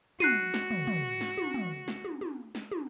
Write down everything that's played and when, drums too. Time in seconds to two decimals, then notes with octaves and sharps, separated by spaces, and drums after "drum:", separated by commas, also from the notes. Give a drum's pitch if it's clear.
0.20 F#4 F#6 C7 D#7, drum: tom
0.54 drum: snare
0.71 drum: tom
0.87 drum: tom
1.21 drum: snare
1.38 drum: tom
1.54 drum: tom
1.88 drum: snare
2.05 drum: tom
2.21 drum: tom
2.55 drum: snare
2.72 drum: tom